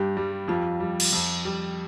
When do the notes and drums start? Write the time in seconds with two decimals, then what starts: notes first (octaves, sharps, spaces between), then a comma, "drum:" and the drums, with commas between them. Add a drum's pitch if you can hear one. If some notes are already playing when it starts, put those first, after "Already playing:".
Already playing: G2 G4
0.17 G3
0.48 F2 F4
0.80 G3
1.00 drum: cymbal
1.13 F2
1.45 G3